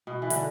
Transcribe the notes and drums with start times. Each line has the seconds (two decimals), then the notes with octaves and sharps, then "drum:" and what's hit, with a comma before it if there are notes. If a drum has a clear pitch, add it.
0.07 B2
0.22 E3
0.30 D3, drum: hi-hat